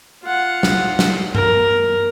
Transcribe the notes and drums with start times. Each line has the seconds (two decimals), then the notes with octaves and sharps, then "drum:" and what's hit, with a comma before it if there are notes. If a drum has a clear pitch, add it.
0.24 F4 F#5
0.63 drum: snare
0.99 drum: snare
1.35 A#4, drum: tom G2